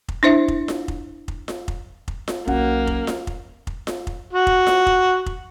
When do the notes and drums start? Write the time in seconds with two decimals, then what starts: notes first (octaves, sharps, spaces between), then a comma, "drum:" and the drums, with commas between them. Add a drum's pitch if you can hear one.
0.08 drum: kick F1
0.23 D4 E4 C5 E5
0.48 drum: kick F1
0.68 drum: snare F4
0.88 drum: kick F1
1.28 drum: kick F1
1.48 drum: snare F4
1.68 drum: kick F1
2.08 drum: kick F1
2.28 drum: snare F4
2.47 B1 A#3 C#4 F#4 F#5, drum: kick F1
2.87 drum: kick F1
3.07 drum: snare F4
3.27 drum: kick F1
3.67 drum: kick F1
3.87 drum: snare F4
4.07 drum: kick F1
4.33 F#4
4.47 drum: kick F1
4.67 drum: snare F4
4.87 drum: kick F1
5.26 drum: kick F1